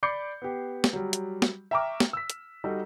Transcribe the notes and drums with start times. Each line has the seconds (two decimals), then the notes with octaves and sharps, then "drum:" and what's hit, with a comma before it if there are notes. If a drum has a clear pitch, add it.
0.03 D5 B5 D6 G6 C7 C#7
0.42 B3 G4
0.84 drum: snare
0.93 F#3 G3
1.13 drum: hi-hat
1.42 drum: snare
1.71 E5 G5 A#5 C#6 D6 F6
2.00 drum: snare
2.13 E6 B6
2.30 drum: hi-hat
2.64 G3 D#4 F#4 A4